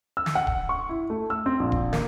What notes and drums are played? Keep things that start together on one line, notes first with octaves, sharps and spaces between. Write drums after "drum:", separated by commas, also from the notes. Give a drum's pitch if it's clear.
E6
drum: snare
F#5
drum: kick D1
C#6
E4
A3
E6
C4
A#1
drum: kick D1
A#3, drum: snare